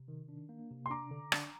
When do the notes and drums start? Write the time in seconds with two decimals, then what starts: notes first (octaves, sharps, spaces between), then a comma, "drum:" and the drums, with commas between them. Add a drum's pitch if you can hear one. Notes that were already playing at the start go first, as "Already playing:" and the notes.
Already playing: C3
0.08 D#3
0.29 D4
0.49 A#3
0.71 C3
0.86 C6
0.90 D4 A#5 D6
1.11 D3
1.32 D4, drum: rim click